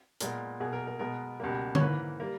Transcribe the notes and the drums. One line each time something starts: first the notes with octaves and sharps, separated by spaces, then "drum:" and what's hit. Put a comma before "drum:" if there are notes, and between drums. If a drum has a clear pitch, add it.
A#2 G#3 B3 A#4, drum: hi-hat
B2 A#3 G#4
A#4
A#4
B2 G#3 B3 A#4
C#2 B2 G3 A#3
C#5, drum: tom D3
G#2 E3 A#3 B4
G3 A#3